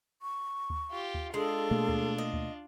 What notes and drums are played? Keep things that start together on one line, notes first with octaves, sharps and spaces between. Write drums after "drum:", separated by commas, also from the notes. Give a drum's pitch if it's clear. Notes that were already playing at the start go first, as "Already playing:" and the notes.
C#6
drum: kick D2
F4 G4
drum: kick D2
G#3 D4 F4 A4
B2 A3 A#3
drum: kick D2
D#5
drum: kick D2